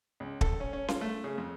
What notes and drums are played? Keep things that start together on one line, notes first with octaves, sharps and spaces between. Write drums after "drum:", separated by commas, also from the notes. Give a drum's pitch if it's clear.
C#2
A4, drum: kick
C#4
C#4
F4, drum: snare C#4
A3
C#3
F2